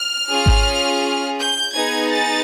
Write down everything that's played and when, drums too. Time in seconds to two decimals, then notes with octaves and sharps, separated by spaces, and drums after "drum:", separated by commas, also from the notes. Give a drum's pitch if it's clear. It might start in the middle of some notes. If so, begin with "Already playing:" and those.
Already playing: F6
0.29 C#4 F4 G#4
0.46 drum: kick G#1
1.39 G6
1.75 B3 D#4 G#4 G#6
2.12 A6